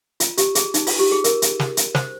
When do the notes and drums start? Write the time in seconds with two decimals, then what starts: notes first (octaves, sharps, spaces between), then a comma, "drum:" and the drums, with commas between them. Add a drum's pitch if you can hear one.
0.20 F4, drum: hi-hat
0.37 G4, drum: hi-hat
0.55 G#4, drum: hi-hat
0.74 D#4, drum: hi-hat
0.87 F4, drum: open hi-hat
0.99 G4
1.12 G#4
1.24 A#4, drum: hi-hat
1.42 drum: hi-hat
1.60 drum: snare
1.77 drum: hi-hat
1.95 C5, drum: snare